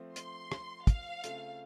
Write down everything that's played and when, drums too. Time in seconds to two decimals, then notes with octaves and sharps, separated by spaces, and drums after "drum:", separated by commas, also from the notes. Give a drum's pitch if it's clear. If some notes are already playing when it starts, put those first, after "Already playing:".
Already playing: F3 A3 C4
0.16 C6, drum: hi-hat
0.52 drum: rim click
0.87 F5, drum: kick, hi-hat
1.24 C#3 A3 C4 F4 A4, drum: hi-hat